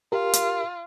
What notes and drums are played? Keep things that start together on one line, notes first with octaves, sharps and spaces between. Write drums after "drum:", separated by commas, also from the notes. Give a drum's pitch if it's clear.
F4 G4 A#4
drum: hi-hat